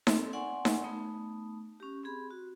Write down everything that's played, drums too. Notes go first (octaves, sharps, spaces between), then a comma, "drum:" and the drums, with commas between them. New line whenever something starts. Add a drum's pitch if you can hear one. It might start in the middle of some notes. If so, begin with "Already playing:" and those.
C4 A4, drum: snare D#4
D5 F#5 G#5 C6 C#6
drum: snare D#4
A3 B3 D#4
C#4 G4
C4 G4 G#4 B5
F#4